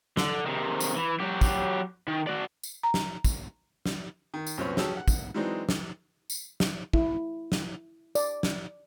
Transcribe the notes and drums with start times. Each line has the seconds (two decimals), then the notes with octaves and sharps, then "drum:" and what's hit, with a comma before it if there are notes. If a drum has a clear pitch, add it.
0.17 D3, drum: snare
0.46 C3 D#3
0.80 drum: tambourine
0.95 E3
1.20 F#3 G4
1.41 drum: kick, tambourine
2.08 D#3
2.27 F#4 D5
2.63 drum: tambourine
2.83 A#5
2.94 drum: snare
3.25 drum: kick, tambourine
3.86 drum: snare
4.34 D#3
4.47 drum: tambourine
4.58 C2 F#2 A#2 C4 B4 C#5
4.77 F#3 C#4 G4 G#4 A5 E6, drum: snare
4.97 F#5
5.08 drum: kick, tambourine
5.34 E3 F#3 G#3 C4 D4 D#4
5.69 drum: snare
6.30 drum: tambourine
6.60 drum: snare
6.93 E4, drum: kick
7.52 drum: snare
8.15 D5, drum: tambourine
8.43 drum: snare